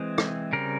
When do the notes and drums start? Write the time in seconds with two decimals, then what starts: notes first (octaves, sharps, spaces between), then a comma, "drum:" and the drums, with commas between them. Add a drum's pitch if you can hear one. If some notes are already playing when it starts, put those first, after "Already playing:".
Already playing: E3 G#3 C4
0.18 drum: rim click
0.53 C#3 G3 C4 A#4